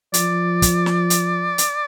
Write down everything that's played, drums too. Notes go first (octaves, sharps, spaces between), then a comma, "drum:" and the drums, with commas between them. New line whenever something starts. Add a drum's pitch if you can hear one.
F3 D5, drum: hi-hat
drum: kick, hi-hat
drum: snare
drum: hi-hat
drum: hi-hat